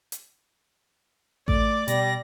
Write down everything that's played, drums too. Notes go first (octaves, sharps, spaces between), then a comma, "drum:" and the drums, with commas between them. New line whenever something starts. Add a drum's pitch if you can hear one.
drum: hi-hat
A3 D5 D6, drum: kick A1
B2 G3 A#6, drum: hi-hat